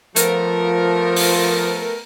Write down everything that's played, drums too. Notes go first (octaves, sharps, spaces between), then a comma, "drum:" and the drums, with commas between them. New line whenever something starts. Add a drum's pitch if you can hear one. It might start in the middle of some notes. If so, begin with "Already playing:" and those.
F3 A3 B3 A#4, drum: hi-hat
drum: open hi-hat